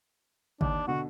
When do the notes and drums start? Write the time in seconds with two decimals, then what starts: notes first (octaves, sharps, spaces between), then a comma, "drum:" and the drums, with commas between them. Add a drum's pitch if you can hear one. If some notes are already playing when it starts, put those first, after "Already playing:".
0.61 D#2 D4, drum: kick
0.87 B2 D3 F#4